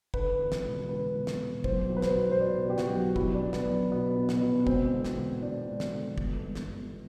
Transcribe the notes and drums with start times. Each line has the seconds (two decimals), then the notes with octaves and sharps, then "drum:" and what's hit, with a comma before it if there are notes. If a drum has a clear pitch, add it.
0.14 D3 B4, drum: kick
0.39 E2
0.52 drum: snare
0.65 E1
0.89 D3 B4
1.15 E1
1.27 drum: snare
1.40 E1
1.64 B1 C5, drum: kick
1.89 B1
1.97 B4
2.02 C5, drum: snare
2.15 B2
2.31 C5
2.40 B2 D5
2.65 B2 G4
2.78 F#4, drum: snare
2.90 B1
3.16 B1 E4, drum: kick
3.34 D4
3.41 B1
3.53 B3, drum: snare
3.66 B1
3.91 B2 B3
4.17 B2
4.29 B3, drum: snare
4.41 B2
4.67 E1 C4, drum: kick
4.92 D3
5.05 drum: snare
5.17 E1
5.42 E1 D4
5.68 E1
5.80 drum: snare
5.92 D3
6.18 G1, drum: kick
6.43 G1
6.55 drum: snare
6.68 G1